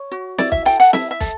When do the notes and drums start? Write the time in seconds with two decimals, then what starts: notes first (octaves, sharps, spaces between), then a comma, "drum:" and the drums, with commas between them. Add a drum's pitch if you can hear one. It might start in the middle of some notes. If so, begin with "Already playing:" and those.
Already playing: C#5
0.12 F#4
0.38 E4 D5, drum: snare
0.52 E5, drum: kick
0.65 A4 G5, drum: hi-hat
0.80 F#5, drum: hi-hat
0.93 E4 E5, drum: snare
1.11 E5
1.20 A4, drum: kick, hi-hat